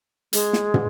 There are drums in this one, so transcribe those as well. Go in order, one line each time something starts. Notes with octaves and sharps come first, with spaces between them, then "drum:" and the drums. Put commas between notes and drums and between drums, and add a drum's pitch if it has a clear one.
G#3, drum: hi-hat
drum: snare
drum: tom